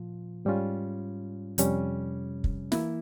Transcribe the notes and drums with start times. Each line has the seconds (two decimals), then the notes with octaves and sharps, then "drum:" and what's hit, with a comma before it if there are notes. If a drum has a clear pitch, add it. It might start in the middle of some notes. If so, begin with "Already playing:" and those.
Already playing: A#2 F3 F4
0.45 G#2 G3 C#4 F4
1.58 F2 C3 G3 C#4, drum: hi-hat
2.44 drum: kick
2.72 E3 A#3 E4, drum: snare